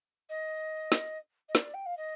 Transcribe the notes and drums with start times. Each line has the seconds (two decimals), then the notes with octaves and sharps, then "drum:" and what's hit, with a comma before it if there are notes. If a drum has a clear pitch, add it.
0.29 D#5
0.92 drum: snare
1.48 D#5
1.55 D5, drum: snare
1.73 G5
1.85 F5
1.97 D#5